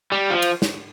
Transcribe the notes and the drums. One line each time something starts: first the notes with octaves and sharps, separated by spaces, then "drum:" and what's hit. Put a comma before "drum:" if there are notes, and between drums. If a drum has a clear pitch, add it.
G3
F3
drum: cymbal
drum: snare